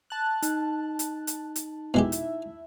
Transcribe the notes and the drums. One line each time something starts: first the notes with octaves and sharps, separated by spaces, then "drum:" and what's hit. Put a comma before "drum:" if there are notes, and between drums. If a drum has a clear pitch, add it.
A5 F#6
D#4, drum: hi-hat
drum: hi-hat
drum: hi-hat
drum: hi-hat
B2 G#3 E4 G4 E5
drum: hi-hat